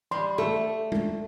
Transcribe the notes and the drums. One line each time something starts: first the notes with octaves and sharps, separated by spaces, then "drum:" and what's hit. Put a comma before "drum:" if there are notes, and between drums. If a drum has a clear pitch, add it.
G3 C6
A3 A4
drum: tom G#3